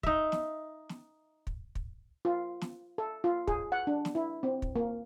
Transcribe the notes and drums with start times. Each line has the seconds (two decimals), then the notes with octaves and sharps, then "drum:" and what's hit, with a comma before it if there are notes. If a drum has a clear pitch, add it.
0.03 D#4 E5, drum: kick
0.32 drum: snare
0.89 drum: snare
1.47 drum: kick
1.75 drum: kick
2.25 F4
2.61 drum: snare
2.98 A4
3.24 F4
3.48 G#4, drum: kick
3.72 F#5
3.87 D4
4.05 drum: snare
4.15 E4
4.43 C4
4.62 drum: kick
4.76 A#3